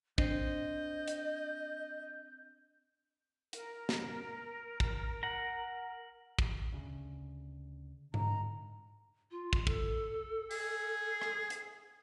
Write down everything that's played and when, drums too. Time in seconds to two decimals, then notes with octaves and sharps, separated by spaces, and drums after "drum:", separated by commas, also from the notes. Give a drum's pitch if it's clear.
0.18 C4 D4 D#5 G6, drum: kick
1.08 drum: hi-hat
3.53 A#4, drum: hi-hat
3.89 drum: snare
4.80 drum: kick
5.23 F#5 A#5
6.39 drum: kick
6.72 D2 C#3
8.14 G#2 D3 A#5, drum: tom G#2
9.31 F4
9.53 drum: kick
9.67 A4, drum: kick
10.51 G#4, drum: open hi-hat
11.22 drum: rim click
11.50 drum: hi-hat